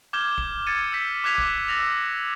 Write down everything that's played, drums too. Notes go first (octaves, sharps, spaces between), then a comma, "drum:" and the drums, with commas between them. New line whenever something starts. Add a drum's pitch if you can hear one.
D6 F6 G6 G#6 E7 G7
drum: kick
E6 G#6 A6 C#7 D#7
E6 G6 B6
D6 F#6 G#6 B6 F7
drum: kick
E6 A6 A#6 F7